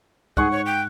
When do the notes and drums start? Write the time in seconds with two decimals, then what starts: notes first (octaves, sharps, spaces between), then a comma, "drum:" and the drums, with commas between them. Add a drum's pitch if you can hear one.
0.37 G#2 G#4 F#5 C#6, drum: kick
0.51 C#5
0.66 G5